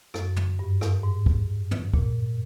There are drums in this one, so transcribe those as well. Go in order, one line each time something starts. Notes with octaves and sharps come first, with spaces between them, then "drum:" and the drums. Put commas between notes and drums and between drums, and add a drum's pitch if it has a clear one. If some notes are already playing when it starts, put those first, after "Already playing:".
F#2, drum: rim click
drum: tom
G2
drum: rim click
G#2
drum: kick
drum: tom
A#2, drum: kick